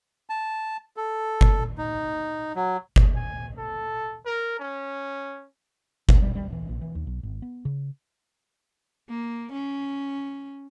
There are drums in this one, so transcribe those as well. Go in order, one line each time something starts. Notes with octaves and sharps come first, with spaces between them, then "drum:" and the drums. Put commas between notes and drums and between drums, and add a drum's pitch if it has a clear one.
A5
A4
drum: kick G1
D#4
F#3
drum: kick G1
G#5
A4
A#4
C#4
C2, drum: kick G1
G3
G3
E3
A#1
E3
D#2
B1
G#1
B3
C#3
A#3
C#4